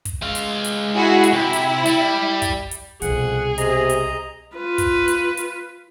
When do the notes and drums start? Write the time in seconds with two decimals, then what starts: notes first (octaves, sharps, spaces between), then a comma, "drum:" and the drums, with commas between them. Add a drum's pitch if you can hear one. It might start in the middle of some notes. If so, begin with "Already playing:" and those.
0.05 drum: kick, hi-hat
0.22 G#3 F5
0.35 drum: hi-hat
0.64 drum: hi-hat
0.94 E4 F#4 G#4
1.24 drum: hi-hat
1.33 C3 E4
1.53 drum: hi-hat
1.86 G3, drum: hi-hat
2.42 drum: kick, hi-hat
2.71 drum: hi-hat
3.02 C2 F2 B2 G#4 F#5, drum: hi-hat
3.58 C3 D#5 A#5, drum: hi-hat
3.90 drum: hi-hat
4.55 F4 B4
4.78 drum: kick, hi-hat
5.08 drum: hi-hat
5.37 drum: hi-hat